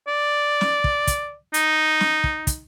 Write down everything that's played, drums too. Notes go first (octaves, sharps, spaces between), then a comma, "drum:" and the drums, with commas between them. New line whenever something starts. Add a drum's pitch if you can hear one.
D5
drum: snare
drum: kick
drum: kick, hi-hat
D#4, drum: hi-hat
drum: snare
drum: kick
drum: kick, hi-hat